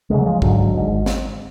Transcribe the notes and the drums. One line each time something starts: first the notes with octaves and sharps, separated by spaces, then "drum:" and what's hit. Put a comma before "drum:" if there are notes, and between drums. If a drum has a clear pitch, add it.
D2 G#3
C#3 F#3
F3 G#3
G#1 G#2 D3 F#3, drum: kick
G#1 G#2
drum: snare